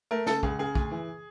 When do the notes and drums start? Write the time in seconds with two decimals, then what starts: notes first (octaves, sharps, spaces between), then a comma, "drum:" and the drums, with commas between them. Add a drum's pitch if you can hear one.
0.11 A3 A#4
0.27 C#3 A4, drum: snare
0.43 C#2 G#4, drum: kick
0.59 C#3 G#4
0.75 D2, drum: kick
0.91 E3